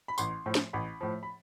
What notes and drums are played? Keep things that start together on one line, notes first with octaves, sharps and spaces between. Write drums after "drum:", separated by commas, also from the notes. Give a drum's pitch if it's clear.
B5
A1 C6, drum: tambourine
A2 F3
drum: snare
A1 B5
A2 F3
B5